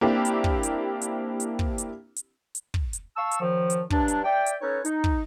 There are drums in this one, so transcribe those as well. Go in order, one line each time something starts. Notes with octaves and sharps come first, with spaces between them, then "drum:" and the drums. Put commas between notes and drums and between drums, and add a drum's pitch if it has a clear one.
A#3 C4 D4 E4 G4
drum: hi-hat
drum: kick
drum: hi-hat
drum: hi-hat
drum: hi-hat
drum: kick
drum: hi-hat
drum: hi-hat
drum: hi-hat
drum: kick
drum: hi-hat
F5 A5 C#6 E6
drum: hi-hat
F#2 D#3 F3
drum: hi-hat
G2 F#3 D4, drum: kick
drum: hi-hat
D5 E5 G5
drum: hi-hat
C#4 D#4 A4 B4 C#5
D#4, drum: hi-hat
drum: kick